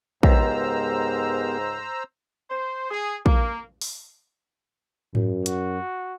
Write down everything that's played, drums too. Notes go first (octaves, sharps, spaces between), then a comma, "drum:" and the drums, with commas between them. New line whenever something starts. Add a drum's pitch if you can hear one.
C#2 G#2 B3 G4 A#4 C5 A#5 E6, drum: kick
C5
G#4
A#3, drum: kick
drum: open hi-hat
F#2, drum: tom G#2
F#4, drum: hi-hat